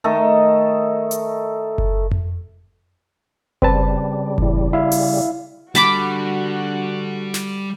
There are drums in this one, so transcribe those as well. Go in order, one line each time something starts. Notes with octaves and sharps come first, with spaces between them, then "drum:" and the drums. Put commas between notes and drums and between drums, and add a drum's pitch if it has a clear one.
D#3 A3 A4 D#5
drum: hi-hat
drum: kick F#1
drum: tom F2
C#3 G3 C4 B4 A5, drum: kick F#1
A1 E4, drum: kick F#1
E4 E5 F5
drum: open hi-hat
D3 G3 F#4 A5 B5 D6, drum: snare
drum: snare